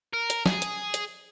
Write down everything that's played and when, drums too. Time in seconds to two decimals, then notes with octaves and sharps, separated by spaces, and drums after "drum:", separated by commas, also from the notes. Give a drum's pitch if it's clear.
0.13 A#4
0.30 drum: hi-hat
0.46 G#4, drum: snare
0.62 drum: hi-hat
0.94 drum: hi-hat